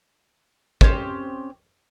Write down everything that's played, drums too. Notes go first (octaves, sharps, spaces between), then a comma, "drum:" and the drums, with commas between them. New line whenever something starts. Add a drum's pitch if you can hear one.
C4 C#4 D#4 G4, drum: kick